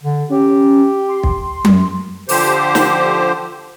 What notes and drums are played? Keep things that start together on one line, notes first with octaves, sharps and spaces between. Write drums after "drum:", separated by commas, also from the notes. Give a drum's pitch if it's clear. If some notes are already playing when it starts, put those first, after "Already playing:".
D3
C#4 G4
C6
drum: kick
F#2, drum: tom F#3
D3 F3 G4 C5, drum: open hi-hat
drum: snare